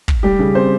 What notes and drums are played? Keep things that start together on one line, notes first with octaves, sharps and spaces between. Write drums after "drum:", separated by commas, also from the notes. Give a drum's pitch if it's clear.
drum: kick
G3 G4
C#3
C4 C5